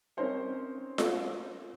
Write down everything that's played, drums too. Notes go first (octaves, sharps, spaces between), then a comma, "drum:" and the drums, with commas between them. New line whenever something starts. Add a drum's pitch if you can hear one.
C4 C#4 D#4 A#4 C5 C#5
drum: snare F4